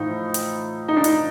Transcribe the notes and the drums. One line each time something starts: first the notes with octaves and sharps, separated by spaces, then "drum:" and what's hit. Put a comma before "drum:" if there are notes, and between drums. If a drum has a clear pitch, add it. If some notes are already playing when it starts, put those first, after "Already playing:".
Already playing: A2 F3 D#4
drum: hi-hat
D#4
D4
D#4, drum: hi-hat